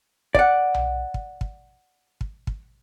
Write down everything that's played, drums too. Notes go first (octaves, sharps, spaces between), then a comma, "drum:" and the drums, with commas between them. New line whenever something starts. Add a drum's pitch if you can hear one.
D5 F#5, drum: kick
drum: tom B1
drum: kick
drum: kick
drum: kick
drum: kick